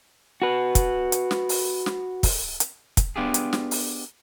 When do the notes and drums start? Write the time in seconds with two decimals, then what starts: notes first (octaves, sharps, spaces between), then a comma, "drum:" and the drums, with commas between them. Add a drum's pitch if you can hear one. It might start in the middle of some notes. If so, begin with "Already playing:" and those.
0.42 F#4 B4
0.75 drum: kick, hi-hat
1.12 drum: hi-hat
1.31 drum: snare
1.49 drum: open hi-hat
1.86 drum: snare
2.23 drum: kick, open hi-hat
2.60 drum: hi-hat
2.97 drum: kick, hi-hat
3.16 B3 D4 F4 G4 G#4
3.34 drum: hi-hat
3.53 drum: snare
3.71 drum: open hi-hat